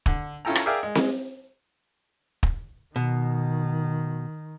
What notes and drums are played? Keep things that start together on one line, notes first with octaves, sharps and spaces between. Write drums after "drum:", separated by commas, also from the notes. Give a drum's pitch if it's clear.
D3, drum: kick
C#4 E4 F4 A4 G5 A#5
drum: rim click
G#4 A#4 D5 E5 F5 G5
G#3
drum: snare C4
drum: kick
B2 D#3